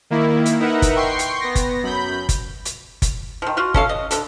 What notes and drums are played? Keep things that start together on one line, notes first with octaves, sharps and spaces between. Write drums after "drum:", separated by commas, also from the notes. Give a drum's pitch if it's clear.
D#3 A#3 E4
drum: hi-hat
D#4 A#4 B4 E5 F#5
drum: kick, hi-hat
G5 C6 C#6 C7
drum: hi-hat
B3 A#6
drum: kick, hi-hat
F#2 B5 G6
drum: kick, hi-hat
drum: hi-hat
drum: kick, hi-hat
D#3 F3
F4 F#4
C#4 A4 F5, drum: kick
D#5
D3 A4, drum: hi-hat